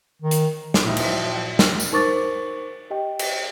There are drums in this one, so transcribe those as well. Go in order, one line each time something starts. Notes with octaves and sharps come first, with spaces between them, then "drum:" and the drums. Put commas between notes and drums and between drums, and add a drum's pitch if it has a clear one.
D#3
drum: hi-hat
drum: snare
A#2 F3 F#3 D#4 E4 E5 G5
drum: cymbal
drum: snare
drum: tambourine
D#4 A#4 C5 C#6 D6 A6
G4 D#5 G5
drum: cymbal